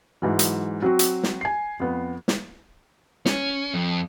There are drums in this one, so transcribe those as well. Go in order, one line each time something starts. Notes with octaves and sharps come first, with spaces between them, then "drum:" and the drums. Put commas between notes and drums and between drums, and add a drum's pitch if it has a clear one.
G#2 E3 F#3
drum: hi-hat
F#3 C4 F#4
drum: hi-hat
drum: snare
G#5 C7
F2 B3
drum: snare
C#4, drum: snare
F2